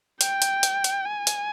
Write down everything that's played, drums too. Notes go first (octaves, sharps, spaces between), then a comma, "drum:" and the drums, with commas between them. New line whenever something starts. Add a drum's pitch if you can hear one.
G5, drum: hi-hat
drum: hi-hat
drum: hi-hat
drum: hi-hat
G#5
drum: hi-hat